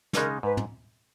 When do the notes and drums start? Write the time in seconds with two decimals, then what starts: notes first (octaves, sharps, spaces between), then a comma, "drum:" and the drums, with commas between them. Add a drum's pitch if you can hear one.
0.13 B4, drum: snare
0.17 C#3 G#3 D#4 A#4
0.43 G#2 B4
0.57 drum: tom